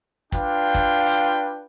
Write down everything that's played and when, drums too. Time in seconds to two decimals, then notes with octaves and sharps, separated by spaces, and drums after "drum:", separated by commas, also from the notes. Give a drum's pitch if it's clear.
0.32 D4 F4 B4 G5, drum: kick
0.75 drum: kick
1.07 drum: hi-hat